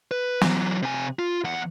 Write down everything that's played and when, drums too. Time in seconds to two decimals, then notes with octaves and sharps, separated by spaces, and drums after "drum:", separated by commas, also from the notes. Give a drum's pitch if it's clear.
0.11 B4
0.41 E3 F#3, drum: snare
0.82 C3 G#5
1.19 F4
1.44 E2 F#5